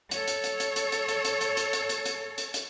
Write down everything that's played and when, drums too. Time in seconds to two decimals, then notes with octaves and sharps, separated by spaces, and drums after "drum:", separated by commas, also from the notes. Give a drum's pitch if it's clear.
0.11 A4 C#5, drum: hi-hat
0.28 drum: hi-hat
0.44 drum: hi-hat
0.60 drum: hi-hat
0.76 drum: hi-hat
0.92 drum: hi-hat
1.08 drum: hi-hat
1.25 drum: hi-hat
1.41 drum: hi-hat
1.57 drum: hi-hat
1.73 drum: hi-hat
1.89 drum: hi-hat
2.05 drum: hi-hat
2.38 drum: hi-hat
2.54 drum: hi-hat